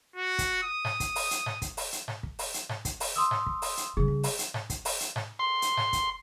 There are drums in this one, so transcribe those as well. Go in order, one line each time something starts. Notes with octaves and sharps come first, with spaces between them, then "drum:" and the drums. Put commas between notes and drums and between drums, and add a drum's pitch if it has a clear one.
F#4
drum: kick, hi-hat
D#6
drum: snare G#2
drum: kick, hi-hat
drum: open hi-hat
drum: hi-hat
drum: snare G#2
drum: kick, hi-hat
drum: open hi-hat
drum: hi-hat
drum: snare G#2
drum: kick
drum: open hi-hat
drum: hi-hat
drum: snare G#2
drum: kick, hi-hat
drum: open hi-hat
C6 D#6 E6
drum: snare G#2
drum: kick
drum: open hi-hat
drum: hi-hat
C#3 G3 G#4
drum: kick
drum: open hi-hat
drum: hi-hat
drum: snare G#2
drum: kick, hi-hat
drum: open hi-hat
drum: hi-hat
drum: snare G#2
C6
drum: hi-hat
drum: snare G#2
drum: kick, hi-hat